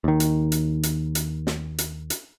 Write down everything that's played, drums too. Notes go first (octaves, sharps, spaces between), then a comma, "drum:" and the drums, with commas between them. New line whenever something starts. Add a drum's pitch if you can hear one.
D#2 D#3
drum: hi-hat
drum: hi-hat
drum: hi-hat
drum: hi-hat
drum: snare
drum: hi-hat
drum: hi-hat